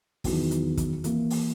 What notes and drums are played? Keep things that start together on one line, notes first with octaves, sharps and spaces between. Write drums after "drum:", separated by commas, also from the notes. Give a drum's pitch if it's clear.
E2 D#3 F#3, drum: kick, open hi-hat
drum: hi-hat
drum: kick, hi-hat
E3 A#3 E4, drum: hi-hat
drum: open hi-hat